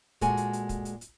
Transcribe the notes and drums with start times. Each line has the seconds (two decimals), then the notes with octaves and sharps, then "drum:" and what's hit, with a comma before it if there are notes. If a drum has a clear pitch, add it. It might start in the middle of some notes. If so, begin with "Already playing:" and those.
0.21 A#2 G#3 F#4 A4 G#5, drum: kick, hi-hat
0.37 drum: hi-hat
0.53 drum: hi-hat
0.69 drum: kick, hi-hat
0.85 drum: hi-hat
1.01 drum: hi-hat